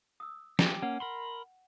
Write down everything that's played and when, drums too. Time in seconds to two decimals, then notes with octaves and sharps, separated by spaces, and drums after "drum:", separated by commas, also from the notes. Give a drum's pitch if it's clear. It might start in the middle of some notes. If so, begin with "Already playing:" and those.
0.20 D#6 E6
0.59 G4 G#5, drum: snare
0.82 A#3 C#4 F#5
1.00 A#4 B5 C6